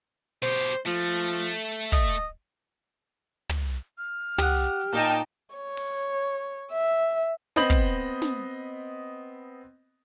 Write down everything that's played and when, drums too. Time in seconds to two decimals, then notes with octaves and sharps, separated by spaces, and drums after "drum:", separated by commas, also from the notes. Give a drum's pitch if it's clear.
0.43 B2 G4 C5
0.86 F3 A3
1.92 D#5, drum: kick
3.49 drum: tom
3.98 F6
4.38 G4 F#5 D#6, drum: tom
4.81 drum: hi-hat
4.93 A#2 D#4 G5 A5
5.55 C#5
5.77 drum: open hi-hat
6.72 E5
7.56 B3 C4 D#5 B5 G6 F#7, drum: snare
7.70 drum: kick
8.22 drum: snare